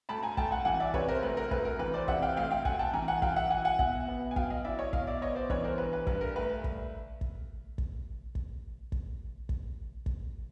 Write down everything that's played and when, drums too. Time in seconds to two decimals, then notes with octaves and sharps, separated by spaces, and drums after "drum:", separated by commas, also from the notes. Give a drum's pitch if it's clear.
0.09 D2 A5 B5
0.23 G#5 A#5
0.37 D2 G5 A5, drum: kick
0.51 F#5 G#5
0.65 E3 F#5 G#5
0.80 D5 E5
0.94 C3 B4 C#5, drum: kick
1.08 A#4 C5
1.22 D2 B4
1.37 A#4
1.51 D2 B4, drum: kick
1.65 A#4
1.79 E3 B4
1.94 C5 D5
2.08 C3 E5 F#5, drum: kick
2.22 F5 G5
2.36 D2 F5 G5
2.51 F5 G5
2.65 D2 F#5 G#5, drum: kick
2.79 G5 A5
2.93 E3 G#5 A#5
3.08 F#5 G#5
3.22 F#3 F5 G5, drum: kick
3.36 E5 F#5
3.50 E4 F#5 G#5
3.65 F#5 G#5
3.79 B2 E5 F#5, drum: kick
4.08 B3
4.31 G#5
4.36 F#3 F5 G5, drum: kick
4.50 D#5 F5
4.65 E4 D5 E5
4.79 C#5 D#5
4.93 B2 D#5 F5, drum: kick
5.07 D5 E5
5.22 B3 C#5 D#5
5.35 C5 D5
5.50 E3 B4 C#5, drum: kick
5.64 A#4 C5
5.78 G2 B4
5.93 B4
6.07 G2 B4, drum: kick
6.21 A#4
6.36 A3 B4
6.64 drum: kick
7.21 drum: kick
7.78 drum: kick
8.35 drum: kick
8.92 drum: kick
9.49 drum: kick
10.06 drum: kick